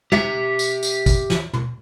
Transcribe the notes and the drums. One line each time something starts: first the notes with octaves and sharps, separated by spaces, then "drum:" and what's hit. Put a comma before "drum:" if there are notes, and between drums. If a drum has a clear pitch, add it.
G4 E5, drum: tom
drum: tambourine
drum: tambourine
drum: kick, tambourine
drum: snare
drum: tom